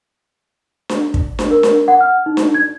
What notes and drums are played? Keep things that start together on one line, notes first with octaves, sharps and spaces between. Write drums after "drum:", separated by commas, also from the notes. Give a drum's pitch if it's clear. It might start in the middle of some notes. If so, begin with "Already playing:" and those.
drum: snare D4
drum: kick
drum: snare D4
A#4
drum: snare D4
F#5
F6
D#4
drum: snare D4
G#6